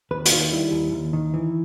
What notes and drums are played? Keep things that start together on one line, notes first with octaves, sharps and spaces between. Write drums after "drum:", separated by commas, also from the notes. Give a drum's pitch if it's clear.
D#2 B4
F#4, drum: hi-hat
D#3 F4
G3 E4
D#2
D#2
D#3
E3